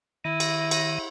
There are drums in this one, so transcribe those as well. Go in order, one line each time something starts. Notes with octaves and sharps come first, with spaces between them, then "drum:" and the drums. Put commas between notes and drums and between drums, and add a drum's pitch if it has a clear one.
D#3 E4
drum: cymbal
drum: cymbal